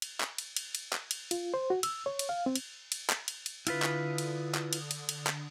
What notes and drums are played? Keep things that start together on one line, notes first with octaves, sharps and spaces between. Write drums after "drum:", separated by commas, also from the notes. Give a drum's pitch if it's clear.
drum: cymbal
drum: clap
drum: cymbal
drum: cymbal
drum: cymbal
drum: clap
drum: cymbal
F4, drum: cymbal
C5
F#4
E6, drum: cymbal
C#5
drum: cymbal
F5
C4
drum: cymbal
drum: cymbal
drum: clap
drum: cymbal
drum: cymbal
D3 E4 F4 B4 D#6, drum: cymbal
drum: clap
drum: cymbal
drum: clap
drum: cymbal
drum: cymbal
drum: cymbal
drum: clap